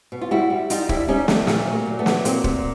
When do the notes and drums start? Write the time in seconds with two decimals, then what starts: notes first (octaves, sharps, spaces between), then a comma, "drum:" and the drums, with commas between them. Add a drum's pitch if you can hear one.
0.12 B2
0.21 F4
0.31 G3 E4 F#4
0.50 G3
0.70 G3 D#4 F4, drum: hi-hat
0.89 G3 D4 E4, drum: kick
1.08 G3 C#4 D#4
1.28 G3 A3, drum: snare
1.47 A#2 A3, drum: snare
1.67 F#3
1.73 A#3
1.86 A#2
1.99 A3 B3
2.06 F#3, drum: snare
2.25 A#2 A#3 C4, drum: hi-hat
2.44 A#2, drum: kick